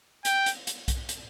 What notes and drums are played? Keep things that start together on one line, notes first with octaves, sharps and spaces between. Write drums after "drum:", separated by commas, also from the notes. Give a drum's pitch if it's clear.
G5, drum: hi-hat
drum: hi-hat
drum: hi-hat
drum: kick B1, hi-hat
drum: hi-hat